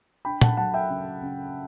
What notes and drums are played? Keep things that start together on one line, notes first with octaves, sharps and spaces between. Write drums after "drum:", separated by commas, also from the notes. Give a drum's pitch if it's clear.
D4 G5 B5
F#5 A5, drum: tom A#2
F#3 F#5 A5
E5 G5
C#3
C#3